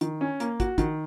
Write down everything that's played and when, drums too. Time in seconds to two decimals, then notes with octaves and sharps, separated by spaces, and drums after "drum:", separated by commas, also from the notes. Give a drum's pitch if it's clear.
0.01 D#3, drum: hi-hat
0.21 C#4
0.40 A#3, drum: hi-hat
0.60 F#4, drum: kick, hi-hat
0.78 D#3, drum: kick, hi-hat